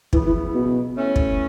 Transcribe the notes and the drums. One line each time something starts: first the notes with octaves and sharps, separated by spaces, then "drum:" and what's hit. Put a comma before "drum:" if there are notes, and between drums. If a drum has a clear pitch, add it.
C#3 E3 F#3 B3 E4, drum: kick
E3
B2
E3 A3 C#4
drum: kick